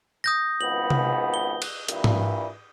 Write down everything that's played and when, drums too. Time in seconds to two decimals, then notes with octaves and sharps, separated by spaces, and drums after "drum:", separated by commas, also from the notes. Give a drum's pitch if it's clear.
0.24 D#6 G6 A#6
0.61 G#1 C#2 B3 F#7
0.90 drum: tom C3
1.34 G7
1.62 drum: cymbal
1.88 G2 A#2 E3, drum: hi-hat
2.04 drum: tom G#2